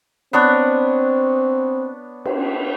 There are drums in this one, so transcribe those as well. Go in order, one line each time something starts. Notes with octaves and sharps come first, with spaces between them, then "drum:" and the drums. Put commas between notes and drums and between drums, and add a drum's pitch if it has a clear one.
B3 C4 D4 C#5
drum: cymbal